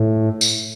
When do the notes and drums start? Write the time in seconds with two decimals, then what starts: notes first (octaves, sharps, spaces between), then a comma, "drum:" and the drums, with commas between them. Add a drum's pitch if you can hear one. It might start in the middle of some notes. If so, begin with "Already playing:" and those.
Already playing: A2
0.41 drum: tambourine